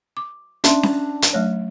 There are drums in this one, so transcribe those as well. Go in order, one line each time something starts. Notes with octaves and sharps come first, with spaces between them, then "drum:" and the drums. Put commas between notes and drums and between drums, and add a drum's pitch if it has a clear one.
D6
C#4 D4 E5 C6, drum: hi-hat
drum: snare C#4
drum: hi-hat
F#3 A3 C#5